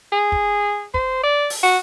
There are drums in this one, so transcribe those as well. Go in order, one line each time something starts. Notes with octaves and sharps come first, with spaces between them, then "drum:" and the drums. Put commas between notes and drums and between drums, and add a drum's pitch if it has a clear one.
G#4
drum: kick
C5, drum: kick
D5
drum: open hi-hat
F#4